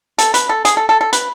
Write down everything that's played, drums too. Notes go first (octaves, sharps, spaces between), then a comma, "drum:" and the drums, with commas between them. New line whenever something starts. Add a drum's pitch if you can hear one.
A4, drum: hi-hat
B4, drum: hi-hat
A4
G#4, drum: hi-hat
A4
A4
A4
B4, drum: hi-hat